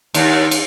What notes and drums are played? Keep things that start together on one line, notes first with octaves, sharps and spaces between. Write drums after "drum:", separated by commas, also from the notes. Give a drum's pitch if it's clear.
D#2, drum: cymbal
drum: cymbal